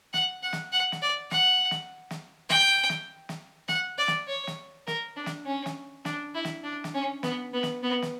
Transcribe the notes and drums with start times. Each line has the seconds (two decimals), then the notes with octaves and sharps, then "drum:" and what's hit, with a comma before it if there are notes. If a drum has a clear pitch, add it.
0.14 F#5, drum: snare
0.43 F#5
0.53 drum: snare
0.72 F#5
0.92 drum: snare
1.02 D5
1.31 F#5, drum: snare
1.71 drum: snare
2.11 drum: snare
2.50 G5, drum: snare
2.89 drum: snare
3.29 drum: snare
3.68 F#5, drum: snare
3.98 D5
4.08 drum: snare
4.27 C#5
4.47 drum: snare
4.87 A#4, drum: snare
5.17 D4
5.26 drum: snare
5.46 C#4
5.66 drum: snare
6.05 D4, drum: snare
6.35 E4
6.45 drum: snare
6.64 D4
6.84 drum: snare
6.94 C#4
7.23 B3, drum: snare
7.54 B3
7.63 drum: snare
7.83 B3
8.02 drum: snare